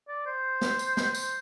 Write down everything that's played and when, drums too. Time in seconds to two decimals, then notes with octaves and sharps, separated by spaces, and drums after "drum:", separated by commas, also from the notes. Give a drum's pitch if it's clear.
0.08 D5
0.26 C5
0.61 drum: snare
0.79 drum: tambourine
0.97 drum: snare
1.15 C5, drum: tambourine